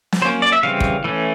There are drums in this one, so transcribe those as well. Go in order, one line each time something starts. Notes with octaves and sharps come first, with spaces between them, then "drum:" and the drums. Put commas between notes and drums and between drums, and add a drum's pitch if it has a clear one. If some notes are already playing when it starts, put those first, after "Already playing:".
drum: snare
F#3 A#3 C#4 C5
D5
E5
C#3 E3 G3 C4 F5
drum: kick
E3 A3 C#4